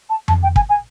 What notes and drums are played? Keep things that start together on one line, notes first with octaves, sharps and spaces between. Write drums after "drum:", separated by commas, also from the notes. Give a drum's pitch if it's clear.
A5
A5, drum: tom F2
G5
G#5, drum: kick
G#5